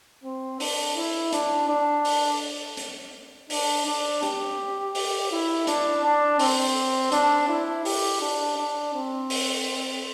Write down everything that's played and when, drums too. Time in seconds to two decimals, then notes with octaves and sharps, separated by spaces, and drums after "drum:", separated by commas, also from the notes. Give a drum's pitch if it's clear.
0.24 C4
0.60 D4, drum: open hi-hat
0.96 E4
1.33 D4, drum: hi-hat
1.68 D4
2.05 drum: open hi-hat
2.77 drum: hi-hat
3.50 D4, drum: open hi-hat
3.86 D4
4.23 G4, drum: hi-hat
4.95 drum: open hi-hat
5.31 E4
5.67 D4, drum: hi-hat
6.04 D4
6.39 C4, drum: open hi-hat
7.12 D4, drum: hi-hat
7.48 E4
7.85 G4, drum: open hi-hat
8.21 D4
8.57 D4
8.94 C4
9.30 drum: open hi-hat